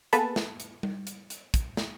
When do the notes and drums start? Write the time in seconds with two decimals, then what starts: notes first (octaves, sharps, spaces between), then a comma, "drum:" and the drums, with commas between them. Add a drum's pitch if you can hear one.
0.13 A#3 B3 G#4 A4 B4 A5, drum: hi-hat
0.36 drum: snare
0.60 drum: hi-hat
0.83 drum: tom G3
1.07 drum: hi-hat
1.30 drum: hi-hat
1.54 drum: kick, hi-hat
1.77 drum: snare